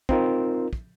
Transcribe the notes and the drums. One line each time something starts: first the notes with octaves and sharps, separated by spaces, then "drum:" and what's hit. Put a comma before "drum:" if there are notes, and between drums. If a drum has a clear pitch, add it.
C4 D#4 F4 A#4, drum: kick
drum: kick